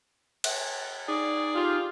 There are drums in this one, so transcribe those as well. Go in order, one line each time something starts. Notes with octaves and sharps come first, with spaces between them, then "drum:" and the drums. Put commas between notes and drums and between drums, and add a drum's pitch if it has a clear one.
drum: cymbal
D#4 G#4 D5
F4 G4